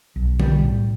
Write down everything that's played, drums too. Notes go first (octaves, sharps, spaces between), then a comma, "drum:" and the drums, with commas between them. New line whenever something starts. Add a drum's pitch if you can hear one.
B1
G3, drum: tom D3
A2